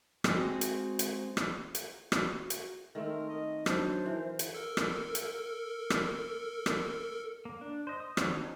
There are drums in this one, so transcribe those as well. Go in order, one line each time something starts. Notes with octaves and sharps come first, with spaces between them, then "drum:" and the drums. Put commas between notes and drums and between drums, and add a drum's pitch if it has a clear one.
G#3 C4 F#4, drum: rim click
drum: hi-hat
drum: hi-hat
drum: rim click
drum: hi-hat
F#4, drum: rim click
drum: hi-hat
D#3 A3 C4 A#4
D#5
F#3 D4 C5, drum: rim click
E3 A#4
drum: hi-hat
A4 A#4
drum: rim click
drum: hi-hat
drum: rim click
drum: rim click
A#3
D4
C5 D#5
D#6
D#3 F#3 C4 D4 C#5, drum: rim click
C#4 D#4